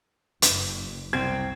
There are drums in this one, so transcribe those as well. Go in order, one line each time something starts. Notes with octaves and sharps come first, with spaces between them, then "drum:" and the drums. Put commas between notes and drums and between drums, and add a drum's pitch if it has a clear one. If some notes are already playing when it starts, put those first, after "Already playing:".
F#1, drum: hi-hat
C2 C4 G#6